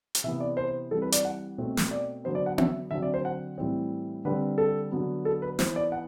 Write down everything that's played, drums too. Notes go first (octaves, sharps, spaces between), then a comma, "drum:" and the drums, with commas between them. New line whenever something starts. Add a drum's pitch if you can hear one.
drum: hi-hat
C3 E3 B3 E5
D5
C5
E3 G3 C4 A4
B4
D5, drum: hi-hat
F#5
B2 A3 C4
drum: snare
D5
D3 F#3 B3 C5
D5
F#5
E5, drum: tom B3
D3 F#3 C4 E5
D5
C5
F#5
A2 E3 G3 C4
D3 G3 C4 B4
A4
D3 F#3 B3
A4
B4
E3 B3 C5, drum: snare
D5
F#5